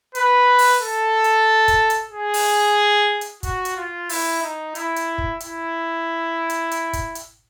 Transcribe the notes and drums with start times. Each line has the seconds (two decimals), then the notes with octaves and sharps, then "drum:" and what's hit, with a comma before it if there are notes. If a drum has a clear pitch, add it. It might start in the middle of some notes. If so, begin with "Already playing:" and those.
0.15 B4, drum: hi-hat
0.58 drum: open hi-hat
0.80 A4
1.24 drum: hi-hat
1.68 drum: kick, hi-hat
1.90 drum: hi-hat
2.11 G#4
2.34 drum: open hi-hat
3.21 drum: hi-hat
3.43 F#4, drum: kick, hi-hat
3.65 drum: hi-hat
3.77 F4
4.09 E4, drum: open hi-hat
4.42 D#4
4.75 E4, drum: hi-hat
4.96 drum: hi-hat
5.18 drum: kick
5.40 E4, drum: hi-hat
6.50 drum: hi-hat
6.71 drum: hi-hat
6.93 drum: kick, hi-hat
7.15 drum: hi-hat